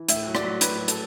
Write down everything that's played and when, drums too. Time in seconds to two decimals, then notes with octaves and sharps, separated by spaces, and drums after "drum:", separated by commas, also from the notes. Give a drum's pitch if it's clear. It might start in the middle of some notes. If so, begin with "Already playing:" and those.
Already playing: E3
0.09 A2 E5, drum: hi-hat
0.27 F#3
0.35 D5, drum: rim click
0.44 F#3
0.61 A2 B4, drum: hi-hat
0.79 F#3
0.88 A4, drum: hi-hat